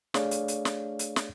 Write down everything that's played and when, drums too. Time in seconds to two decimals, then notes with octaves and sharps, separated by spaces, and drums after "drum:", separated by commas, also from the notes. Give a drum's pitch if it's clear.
0.14 A3 D4 G#4 C#5 D5 F5, drum: snare
0.31 drum: hi-hat
0.48 drum: hi-hat
0.65 drum: snare
0.99 drum: hi-hat
1.16 drum: snare